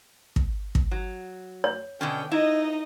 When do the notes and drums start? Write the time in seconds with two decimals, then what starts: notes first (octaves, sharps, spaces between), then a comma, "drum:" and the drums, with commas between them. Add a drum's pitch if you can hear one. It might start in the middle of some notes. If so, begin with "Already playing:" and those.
0.36 drum: kick
0.75 drum: kick
0.91 F#3
1.64 C#5
2.01 B2 D3 C#4 G5
2.32 D#4 E4 D#5